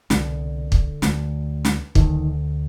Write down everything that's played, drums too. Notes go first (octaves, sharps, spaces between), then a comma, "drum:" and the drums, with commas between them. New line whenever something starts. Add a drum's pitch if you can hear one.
C2 B2 D3, drum: snare
drum: kick
D2 D3, drum: snare
drum: snare
D2 D3 D#3, drum: kick